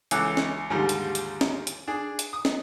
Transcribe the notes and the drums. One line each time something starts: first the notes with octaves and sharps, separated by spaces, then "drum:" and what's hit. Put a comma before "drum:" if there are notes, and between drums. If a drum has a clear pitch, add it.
C#2 E3 A4 D6 E6 F#6, drum: hi-hat
drum: snare
D#2 G#2 D3 F3 G3
drum: hi-hat
drum: hi-hat
drum: snare
drum: hi-hat
D4 G#4
drum: hi-hat
D#6
drum: snare